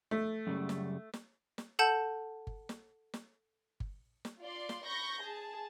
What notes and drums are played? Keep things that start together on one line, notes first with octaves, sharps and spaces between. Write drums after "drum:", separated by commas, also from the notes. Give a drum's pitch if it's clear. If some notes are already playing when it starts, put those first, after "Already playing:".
A3
F#2 C#3 G3
drum: snare
drum: snare
drum: snare
A4 F#5 A5 G6
drum: kick G1
drum: snare
drum: snare
drum: kick G1
drum: snare
F4 D5 C6
drum: snare
B5 C#6 G6 A#6
G#4 A5